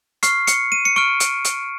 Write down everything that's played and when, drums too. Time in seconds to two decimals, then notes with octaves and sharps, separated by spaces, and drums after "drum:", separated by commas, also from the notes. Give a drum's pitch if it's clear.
0.23 C#6 F6 C7, drum: hi-hat
0.47 C#7, drum: hi-hat
0.72 D#7
0.85 C#7
0.96 C#6 F6 D7
1.20 drum: hi-hat
1.45 drum: hi-hat